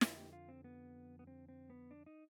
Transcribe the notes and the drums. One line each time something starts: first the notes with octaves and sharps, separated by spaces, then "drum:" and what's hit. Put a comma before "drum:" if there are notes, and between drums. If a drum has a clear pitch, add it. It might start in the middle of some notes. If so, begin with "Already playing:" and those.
F2 D3 F3 F4, drum: snare
G4
F4
C4
B3
B3
C4
C4
B3
D4
D#4